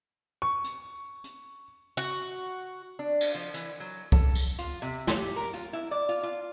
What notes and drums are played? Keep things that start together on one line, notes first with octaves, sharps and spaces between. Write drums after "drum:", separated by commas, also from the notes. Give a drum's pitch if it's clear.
C#6
drum: hi-hat
drum: hi-hat
F#4
D4
drum: cymbal
F3
E3, drum: hi-hat
F#3
A4, drum: kick C2
drum: tambourine
F4, drum: hi-hat
C3
drum: snare
G4
A#4
F4
E4
D5
F4
F4